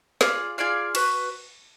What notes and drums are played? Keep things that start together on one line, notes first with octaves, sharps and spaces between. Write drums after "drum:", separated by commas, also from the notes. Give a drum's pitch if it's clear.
F4 G#4 D5 F5, drum: snare
F4 G#4 D5 F5
F#4 B4, drum: cymbal